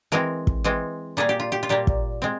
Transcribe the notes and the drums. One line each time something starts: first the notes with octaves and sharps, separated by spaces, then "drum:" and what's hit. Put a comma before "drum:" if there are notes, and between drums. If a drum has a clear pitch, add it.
E3 G#3 C4 A#4
drum: kick
E3 G#3 C4
A#2 G3 A#3 G#4
G4
F4
G4
F4
A#2 G3 A#3 G4
drum: kick
G#3 C4